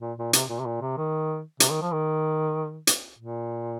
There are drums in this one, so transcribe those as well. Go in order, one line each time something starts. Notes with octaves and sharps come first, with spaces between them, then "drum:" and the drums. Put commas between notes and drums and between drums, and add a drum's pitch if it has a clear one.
A#2
A#2
C3, drum: hi-hat
A#2
C3
A#2
C3
D#3
C3, drum: hi-hat
D#3
F3
D#3
drum: hi-hat
A#2